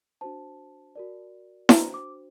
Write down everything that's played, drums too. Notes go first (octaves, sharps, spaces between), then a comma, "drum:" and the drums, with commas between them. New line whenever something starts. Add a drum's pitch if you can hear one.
D4 F#4 C5 A5
F#4 A#4 D5
D4 F#4 C5 A#5, drum: snare E4
D6